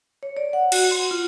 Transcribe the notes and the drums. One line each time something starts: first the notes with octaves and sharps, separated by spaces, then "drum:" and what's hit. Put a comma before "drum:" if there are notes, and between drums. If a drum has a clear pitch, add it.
C#5
D5
F#5
F#4, drum: cymbal
C6
F4